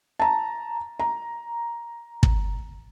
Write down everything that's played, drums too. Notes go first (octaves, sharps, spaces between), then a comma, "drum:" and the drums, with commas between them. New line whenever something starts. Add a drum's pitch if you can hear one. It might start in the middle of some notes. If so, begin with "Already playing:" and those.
A5 A#5
A#5
drum: kick